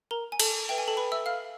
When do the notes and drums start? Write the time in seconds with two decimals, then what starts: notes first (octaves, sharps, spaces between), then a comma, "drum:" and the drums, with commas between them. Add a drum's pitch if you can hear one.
0.11 A#4 A#5
0.32 G#5
0.40 A4 A5, drum: cymbal
0.69 B4 E5 G5
0.78 G#5
0.88 A4 A5
0.97 B4 B5
1.12 E5 E6
1.26 F5 F6